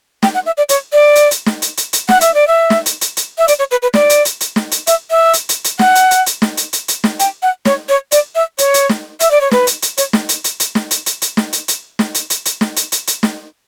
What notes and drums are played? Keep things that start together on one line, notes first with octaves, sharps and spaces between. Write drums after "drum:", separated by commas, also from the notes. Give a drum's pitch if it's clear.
G5, drum: snare
F#5
E5
D5
C#5, drum: hi-hat
D5
drum: hi-hat
drum: hi-hat
drum: snare
drum: hi-hat
drum: hi-hat
drum: hi-hat
F#5, drum: snare
E5, drum: hi-hat
D5
E5
drum: snare
drum: hi-hat
drum: hi-hat
drum: hi-hat
E5
D5, drum: hi-hat
C#5
B4
B4
D5, drum: snare
drum: hi-hat
drum: hi-hat
drum: hi-hat
drum: snare
drum: hi-hat
E5, drum: hi-hat
E5
drum: hi-hat
drum: hi-hat
drum: hi-hat
F#5, drum: snare
drum: hi-hat
drum: hi-hat
drum: hi-hat
drum: snare
drum: hi-hat
drum: hi-hat
drum: hi-hat
drum: snare
G5, drum: hi-hat
F#5
C#5, drum: snare
C#5
D5, drum: hi-hat
E5
C#5, drum: hi-hat
drum: hi-hat
drum: snare
E5, drum: hi-hat
D5
C#5
B4, drum: snare
drum: hi-hat
drum: hi-hat
C#5, drum: hi-hat
drum: snare
drum: hi-hat
drum: hi-hat
drum: hi-hat
drum: snare
drum: hi-hat
drum: hi-hat
drum: hi-hat
drum: snare
drum: hi-hat
drum: hi-hat
drum: snare
drum: hi-hat
drum: hi-hat
drum: hi-hat
drum: snare
drum: hi-hat
drum: hi-hat
drum: hi-hat
drum: snare